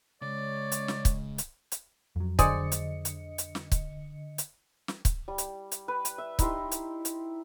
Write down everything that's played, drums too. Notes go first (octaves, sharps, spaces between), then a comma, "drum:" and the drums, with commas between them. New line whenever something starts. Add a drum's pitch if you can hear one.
C#3 G#3 C#5 D5
drum: hi-hat
drum: snare
drum: kick, hi-hat
drum: hi-hat
drum: hi-hat
F2 F#3
D3 G#4 C5 D5 D#5 C#7, drum: kick, hi-hat
drum: hi-hat
drum: hi-hat
drum: hi-hat
drum: snare
drum: kick, hi-hat
drum: hi-hat
drum: snare
drum: kick, hi-hat
G3
drum: hi-hat
drum: hi-hat
B4
drum: hi-hat
E5
D#4 E4 G4 C6, drum: kick, hi-hat
drum: hi-hat
drum: hi-hat